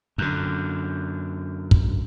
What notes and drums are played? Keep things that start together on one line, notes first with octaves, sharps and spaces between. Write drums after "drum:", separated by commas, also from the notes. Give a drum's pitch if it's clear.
F#2 D3
drum: kick